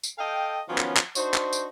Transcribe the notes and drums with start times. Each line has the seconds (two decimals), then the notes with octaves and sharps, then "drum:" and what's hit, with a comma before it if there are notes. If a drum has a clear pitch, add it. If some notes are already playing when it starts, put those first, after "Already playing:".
0.03 drum: tambourine
0.18 A4 D#5 F5 G5
0.68 D#3 F3 F#3 B3 C#4
0.78 drum: clap
0.97 drum: clap
1.15 D4 D#4 F#4 C5, drum: tambourine
1.34 drum: clap
1.53 drum: tambourine